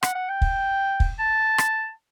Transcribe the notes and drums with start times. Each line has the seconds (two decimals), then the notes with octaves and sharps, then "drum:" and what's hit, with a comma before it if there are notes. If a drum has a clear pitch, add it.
0.03 F#5, drum: rim click
0.15 F#5
0.29 G5
0.41 drum: kick
1.00 drum: kick
1.19 A5
1.58 drum: rim click